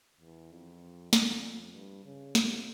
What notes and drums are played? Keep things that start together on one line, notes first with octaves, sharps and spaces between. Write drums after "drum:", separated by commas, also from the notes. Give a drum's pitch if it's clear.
E2
F2
F2, drum: snare
F2
G2
C#3
C3, drum: snare